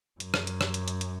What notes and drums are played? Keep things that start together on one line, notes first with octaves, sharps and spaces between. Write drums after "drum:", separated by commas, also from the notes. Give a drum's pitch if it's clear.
F#2, drum: hi-hat
drum: rim click
drum: hi-hat
drum: rim click
drum: hi-hat
drum: hi-hat
drum: hi-hat